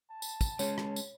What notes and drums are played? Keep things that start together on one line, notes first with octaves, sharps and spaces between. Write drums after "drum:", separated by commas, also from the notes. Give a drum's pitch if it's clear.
A5
drum: tambourine
drum: kick, tambourine
G#3 C#4 C#5, drum: tambourine
drum: rim click
drum: tambourine